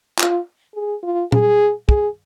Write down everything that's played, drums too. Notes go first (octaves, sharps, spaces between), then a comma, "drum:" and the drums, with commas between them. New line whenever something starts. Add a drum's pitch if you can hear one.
F4, drum: clap
G#4
F4
G#4, drum: tom A#2
G#4, drum: kick